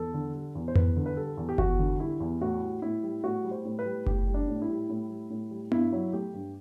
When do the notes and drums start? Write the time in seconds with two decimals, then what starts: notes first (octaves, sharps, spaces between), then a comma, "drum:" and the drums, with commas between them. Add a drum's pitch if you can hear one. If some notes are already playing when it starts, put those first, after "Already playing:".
Already playing: E2 A4
0.14 D3
0.34 G3
0.55 E2
0.68 C5
0.75 E2 B4, drum: tom F2
0.96 D3
1.06 B4
1.17 G3 A4
1.37 E2
1.49 G4
1.58 E2 F#4, drum: kick F#1
1.79 D3
2.00 G3 E4
2.20 E2
2.41 A2 F#4
2.62 G3
2.82 A2 E4
3.03 G3
3.24 A2 F#4
3.44 G3
3.51 C5
3.65 A2
3.79 B4
3.85 G3
4.06 A2 G4, drum: kick F#1
4.27 G3
4.34 D4
4.48 A2
4.62 E4
4.68 G3
4.89 A2
5.09 G3
5.30 A2
5.51 G3
5.72 G2 E4, drum: tom B3
5.92 F#3
6.13 A3 G4
6.34 G2